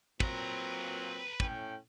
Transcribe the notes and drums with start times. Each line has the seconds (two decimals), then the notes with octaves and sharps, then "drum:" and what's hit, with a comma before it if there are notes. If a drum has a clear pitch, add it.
0.20 A#2 F#3 C4 B4 A#5, drum: kick
1.40 A2 C#4 G5, drum: kick